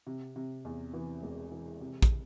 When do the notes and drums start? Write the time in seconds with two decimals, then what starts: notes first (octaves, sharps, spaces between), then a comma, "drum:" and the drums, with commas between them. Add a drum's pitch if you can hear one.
0.07 C3
0.36 C3
0.65 E2
0.94 E3
1.23 E1
1.52 E3
1.81 C3
2.02 drum: kick, hi-hat